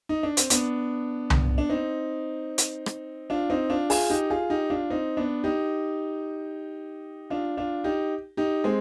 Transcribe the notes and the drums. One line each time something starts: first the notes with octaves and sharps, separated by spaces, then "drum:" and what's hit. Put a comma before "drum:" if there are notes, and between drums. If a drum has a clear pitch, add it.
D#4
D4
C4, drum: hi-hat
B3 D4, drum: hi-hat
drum: tom C2
D4
C4 D#4
drum: hi-hat
drum: rim click
D4 F4
C4 D#4
D4 F4
F4 G#4, drum: open hi-hat
D#4 G4
F4 G#4
D#4 G4
D4 F4
C4 D#4
B3 D4
D#4 G4
D4 F4
D4 F4
D#4 G4
D#4 G4
G#3 C4